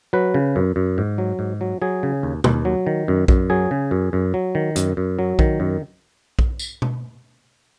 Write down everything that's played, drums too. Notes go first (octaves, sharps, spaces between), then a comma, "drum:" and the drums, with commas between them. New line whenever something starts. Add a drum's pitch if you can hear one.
F#3 B4
C#3
F#2
F#2
G#2
F#3
G#2
F#3
F#3 G#4
C#3
D#2
D#2, drum: tom
F#3
D#3
F#2
F#2, drum: kick A#1
F#3 G#4
C#3
F#2
F#2
F#3
D#3
F#2, drum: hi-hat
F#2
F#3
D#3, drum: kick A#1
F#2
drum: kick A#1
drum: tambourine
drum: tom B2